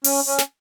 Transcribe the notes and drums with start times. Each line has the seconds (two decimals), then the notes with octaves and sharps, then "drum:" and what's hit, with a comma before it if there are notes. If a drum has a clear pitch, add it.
0.04 C#4, drum: open hi-hat
0.27 C#4
0.38 drum: snare